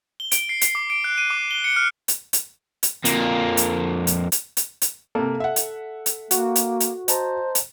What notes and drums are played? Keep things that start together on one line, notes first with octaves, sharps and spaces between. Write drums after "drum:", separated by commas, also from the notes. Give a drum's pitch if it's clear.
G7
D7, drum: hi-hat
C7
C7, drum: hi-hat
D6
D7
F#6
D#7
D6
G7
C#7
F6
drum: hi-hat
drum: hi-hat
drum: hi-hat
F2 A#3, drum: hi-hat
drum: hi-hat
drum: hi-hat
drum: hi-hat
drum: hi-hat
drum: hi-hat
C3 A#3 A4
E5 F#5
drum: hi-hat
drum: hi-hat
A#3 F#4, drum: hi-hat
drum: hi-hat
drum: hi-hat
C5 D#5 A5 A#5, drum: hi-hat
drum: hi-hat